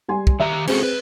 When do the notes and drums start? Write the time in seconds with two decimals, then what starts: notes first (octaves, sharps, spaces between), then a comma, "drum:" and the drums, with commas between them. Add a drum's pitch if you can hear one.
0.08 G3 G#5 C6
0.27 drum: kick
0.40 D#3 G4 E5 A#5
0.67 C4 C#4 F#4 G#4 A4, drum: cymbal
0.83 B4